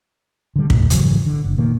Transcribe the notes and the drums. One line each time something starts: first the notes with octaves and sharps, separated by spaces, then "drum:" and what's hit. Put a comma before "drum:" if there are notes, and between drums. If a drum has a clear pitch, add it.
D3 G3
D#2 A#2 A3, drum: kick
G#1 C#3 E3 F#3, drum: hi-hat
D3
F#1
A#2 D#3 A#3